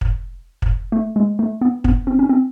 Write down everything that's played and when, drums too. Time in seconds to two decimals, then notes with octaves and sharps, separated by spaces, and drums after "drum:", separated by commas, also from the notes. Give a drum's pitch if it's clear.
0.01 drum: kick
0.62 drum: kick
0.92 A3
1.16 G#3
1.39 A3
1.61 B3
1.84 B3, drum: kick
2.07 C4
2.19 C#4
2.29 C4